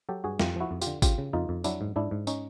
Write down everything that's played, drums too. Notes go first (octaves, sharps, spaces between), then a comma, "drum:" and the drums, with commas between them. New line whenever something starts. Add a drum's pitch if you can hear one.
F#3 G4 A4
G2 F#4 G#4
F2 F4 G4, drum: snare
F3 E4 F#4
F2
F4 G4, drum: tambourine
D3
C#3 F4 G4, drum: kick G#1, tambourine
C#3
F2 D#4 F4
F2
F#3 D4 E4, drum: tambourine
G#2
G#2 D4 E4
G#2
C#4 D#4, drum: tambourine